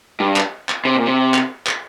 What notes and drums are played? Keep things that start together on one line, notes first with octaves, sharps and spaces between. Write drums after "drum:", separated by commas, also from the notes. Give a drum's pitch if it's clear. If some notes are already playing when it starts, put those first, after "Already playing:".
G2
drum: clap
drum: clap
C3
A#2
C3
drum: clap
drum: clap